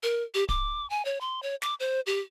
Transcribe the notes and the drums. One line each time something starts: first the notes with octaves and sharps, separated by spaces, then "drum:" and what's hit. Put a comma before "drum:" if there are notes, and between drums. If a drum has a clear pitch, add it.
A#4
G4
D6, drum: kick D1
G#5
C#5
C6
C#5
D6, drum: snare
C5
G4